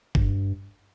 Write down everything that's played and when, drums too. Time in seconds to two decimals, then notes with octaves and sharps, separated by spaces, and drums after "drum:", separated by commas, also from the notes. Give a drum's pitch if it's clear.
0.15 G2, drum: kick G1